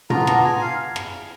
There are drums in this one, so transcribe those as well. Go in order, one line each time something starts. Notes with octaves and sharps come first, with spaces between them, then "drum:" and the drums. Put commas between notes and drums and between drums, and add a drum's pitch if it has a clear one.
B3 D4 F4 A#5, drum: tom
A#5, drum: rim click
G#5
F5
drum: rim click